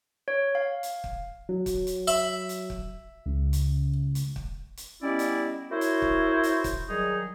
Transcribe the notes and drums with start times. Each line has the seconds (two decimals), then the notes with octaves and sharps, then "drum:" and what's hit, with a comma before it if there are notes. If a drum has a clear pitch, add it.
0.28 C#5
0.55 F5
0.83 drum: hi-hat
1.04 drum: kick
1.49 F#3
1.66 drum: kick, hi-hat
1.87 drum: hi-hat
2.08 E5 B5
2.49 drum: hi-hat
2.70 drum: kick
3.26 C#2
3.53 drum: hi-hat
4.15 drum: hi-hat
4.36 drum: kick
4.77 drum: hi-hat
5.03 G3 B3 C#4 E4 D5 D#5
5.19 drum: hi-hat
5.70 E4 F#4 A#4 C5 C#5
5.81 drum: hi-hat
6.02 drum: kick
6.43 drum: hi-hat
6.64 drum: kick, hi-hat
6.89 D#3 F#3 G3 D#4 G#4